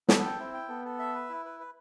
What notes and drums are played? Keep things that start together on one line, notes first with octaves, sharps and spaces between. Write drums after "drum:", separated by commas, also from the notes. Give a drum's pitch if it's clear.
B3 A4, drum: snare
G5
C4 E4
G5
B3 A4
A4
E5
B4
E4
B4
B4